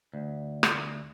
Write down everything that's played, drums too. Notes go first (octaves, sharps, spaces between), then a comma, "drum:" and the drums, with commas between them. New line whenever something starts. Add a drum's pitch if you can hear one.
D2
drum: rim click